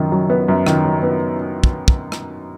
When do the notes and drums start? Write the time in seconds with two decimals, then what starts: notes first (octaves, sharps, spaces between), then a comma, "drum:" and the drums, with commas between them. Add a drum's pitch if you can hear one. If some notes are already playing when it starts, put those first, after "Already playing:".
Already playing: F#2 D#3
0.12 F#3
0.30 B3
0.48 F#2
0.67 D#3, drum: rim click
0.85 F#3
1.03 B3
1.64 drum: kick
1.88 drum: kick
2.12 drum: rim click